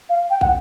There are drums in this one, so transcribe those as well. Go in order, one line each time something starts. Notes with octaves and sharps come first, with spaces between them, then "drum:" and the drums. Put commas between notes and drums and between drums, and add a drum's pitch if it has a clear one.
F5
G5
F#5, drum: kick